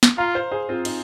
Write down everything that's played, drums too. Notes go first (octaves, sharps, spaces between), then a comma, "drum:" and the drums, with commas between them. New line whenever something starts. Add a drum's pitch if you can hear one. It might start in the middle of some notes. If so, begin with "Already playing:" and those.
drum: snare
F4 F5 A#5
C5 F5
G#4 C5
C4 F4
D#4, drum: cymbal